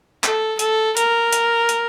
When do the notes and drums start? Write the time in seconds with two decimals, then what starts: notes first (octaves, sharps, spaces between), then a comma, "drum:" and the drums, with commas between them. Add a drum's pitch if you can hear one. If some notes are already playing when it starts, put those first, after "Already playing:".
0.24 A4, drum: clap
0.59 A4, drum: hi-hat
0.97 A#4, drum: hi-hat
1.33 drum: hi-hat
1.69 drum: hi-hat